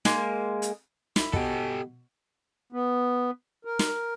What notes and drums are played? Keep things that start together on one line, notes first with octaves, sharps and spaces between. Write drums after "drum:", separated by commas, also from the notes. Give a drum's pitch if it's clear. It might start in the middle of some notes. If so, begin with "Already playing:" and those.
G#3 A#3, drum: snare
drum: hi-hat
E4 B5, drum: snare
B2 G4 A4, drum: kick
B3
A#4
drum: snare